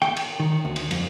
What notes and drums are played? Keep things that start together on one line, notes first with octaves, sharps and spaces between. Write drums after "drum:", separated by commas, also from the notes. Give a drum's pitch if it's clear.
G5, drum: rim click
drum: cymbal
D#3
D2
drum: cymbal
F2, drum: cymbal